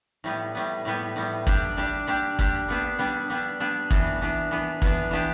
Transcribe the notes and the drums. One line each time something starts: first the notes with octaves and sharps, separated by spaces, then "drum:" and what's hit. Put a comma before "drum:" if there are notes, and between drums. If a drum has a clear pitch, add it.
A2 G3 B3
A2 G3 B3
A2 G3 B3
A2 G3 B3
G3 D4 G4, drum: kick
G3 D4 G4
G3 D4 G4
G3 D4 G4, drum: kick
G3 B3 D4
G3 B3 D4
G3 B3 D4
G3 B3 D4
E3 B3 D4, drum: kick
E3 B3 D4
E3 B3 D4
E3 B3 D4, drum: kick
E3 B3 D4 G4